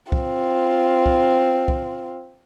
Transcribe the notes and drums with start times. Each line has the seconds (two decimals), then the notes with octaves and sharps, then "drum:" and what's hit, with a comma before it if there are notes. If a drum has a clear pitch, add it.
0.12 C4 F4, drum: kick
1.06 drum: kick
1.68 drum: kick